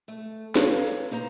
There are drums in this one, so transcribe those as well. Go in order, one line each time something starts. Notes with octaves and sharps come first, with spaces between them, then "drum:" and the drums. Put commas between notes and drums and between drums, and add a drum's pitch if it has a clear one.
A3
A4 B4 C#5 D5 F5 A#5, drum: snare
A#3 D#4 C5 A#5